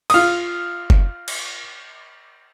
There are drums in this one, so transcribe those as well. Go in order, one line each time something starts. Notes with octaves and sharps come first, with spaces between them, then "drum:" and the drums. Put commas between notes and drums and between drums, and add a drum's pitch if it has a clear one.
F4 D#6, drum: cymbal
drum: kick F#1
drum: cymbal